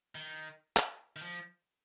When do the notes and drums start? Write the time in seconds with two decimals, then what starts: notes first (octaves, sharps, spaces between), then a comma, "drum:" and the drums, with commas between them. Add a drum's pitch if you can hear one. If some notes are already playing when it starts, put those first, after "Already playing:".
0.15 D#3
0.77 drum: clap
1.16 D#3
1.22 F3